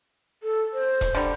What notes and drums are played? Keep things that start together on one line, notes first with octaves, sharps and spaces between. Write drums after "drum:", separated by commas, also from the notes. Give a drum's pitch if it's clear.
A4
C5
drum: kick D#1, hi-hat
D3 G3